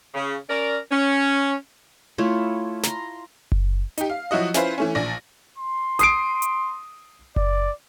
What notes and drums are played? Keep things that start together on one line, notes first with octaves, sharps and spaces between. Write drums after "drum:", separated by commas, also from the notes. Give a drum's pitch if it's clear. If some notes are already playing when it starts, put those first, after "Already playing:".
C#3
C#4 A#4 D5
C#4
A3 E4 F4 C#5
A#5 C6, drum: snare
drum: kick F#1
D#4 G4, drum: hi-hat
F5
F3 F#3 E4 F#4 D#5
C#4 E4 F4 B4 C5, drum: snare
E3 A3 C#4
A#1 D5 A#6
C6
D#6 C7 D7, drum: hi-hat
drum: hi-hat
D5, drum: kick F#1